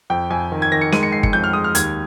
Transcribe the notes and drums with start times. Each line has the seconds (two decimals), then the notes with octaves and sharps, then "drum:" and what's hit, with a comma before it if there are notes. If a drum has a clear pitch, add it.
0.10 F2 G5
0.30 F2 G#5
0.52 D#3
0.62 G#6
0.72 D#3 A#6
0.81 C#7
0.92 G#3 D#7, drum: snare
1.03 C#7
1.12 G#3 C7
1.23 C#7, drum: kick G1
1.33 F2 G6
1.44 F6
1.53 G#3 D#6
1.64 F6
1.75 D#2 G#6, drum: hi-hat